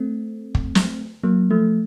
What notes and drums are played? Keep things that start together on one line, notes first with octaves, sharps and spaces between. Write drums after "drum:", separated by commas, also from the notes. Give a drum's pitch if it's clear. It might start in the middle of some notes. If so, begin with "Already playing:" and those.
Already playing: A3 C4
drum: kick
drum: snare
F#3 A#3
F3 A3